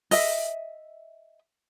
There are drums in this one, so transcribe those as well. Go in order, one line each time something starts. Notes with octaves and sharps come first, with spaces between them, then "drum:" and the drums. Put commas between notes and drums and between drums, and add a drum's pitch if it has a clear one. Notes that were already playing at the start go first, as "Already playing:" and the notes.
D#5 E5, drum: open hi-hat